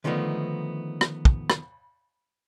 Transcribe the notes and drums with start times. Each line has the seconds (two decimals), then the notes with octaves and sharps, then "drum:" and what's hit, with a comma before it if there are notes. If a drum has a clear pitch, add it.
0.04 D3 D#3 F3 A3 B3 D#4
1.01 drum: rim click
1.25 drum: kick
1.50 drum: rim click